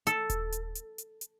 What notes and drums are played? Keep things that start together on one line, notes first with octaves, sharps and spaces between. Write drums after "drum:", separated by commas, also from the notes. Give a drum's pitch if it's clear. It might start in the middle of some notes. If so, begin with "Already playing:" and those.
A4, drum: hi-hat
drum: kick D#1, hi-hat
drum: hi-hat
drum: hi-hat
drum: hi-hat
drum: hi-hat